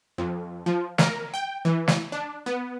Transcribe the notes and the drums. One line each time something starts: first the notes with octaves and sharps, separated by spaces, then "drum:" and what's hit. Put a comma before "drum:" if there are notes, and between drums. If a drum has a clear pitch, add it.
F2
F3
A#4, drum: snare
G5
E3
drum: snare
D4
B3